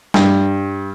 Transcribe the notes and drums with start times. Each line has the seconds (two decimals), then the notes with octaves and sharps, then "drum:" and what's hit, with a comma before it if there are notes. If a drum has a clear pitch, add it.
0.14 G2, drum: snare